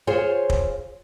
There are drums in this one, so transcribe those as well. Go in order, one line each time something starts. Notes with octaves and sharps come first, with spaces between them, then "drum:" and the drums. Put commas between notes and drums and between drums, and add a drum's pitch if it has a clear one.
F4 G#4 C5 C#5
drum: kick